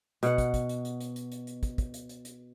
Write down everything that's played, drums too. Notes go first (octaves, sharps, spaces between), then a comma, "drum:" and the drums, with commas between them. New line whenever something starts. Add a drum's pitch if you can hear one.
B2 F#5, drum: hi-hat
drum: kick, hi-hat
drum: kick, hi-hat
drum: hi-hat
drum: hi-hat
drum: hi-hat
drum: hi-hat
drum: hi-hat
drum: hi-hat
drum: kick, hi-hat
drum: kick, hi-hat
drum: hi-hat
drum: hi-hat
drum: hi-hat